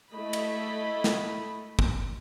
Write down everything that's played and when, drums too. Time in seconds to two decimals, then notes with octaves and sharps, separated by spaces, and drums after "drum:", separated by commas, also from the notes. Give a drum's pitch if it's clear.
0.12 A3 E4 D#5 B5
0.33 drum: cymbal
1.04 drum: snare
1.79 drum: kick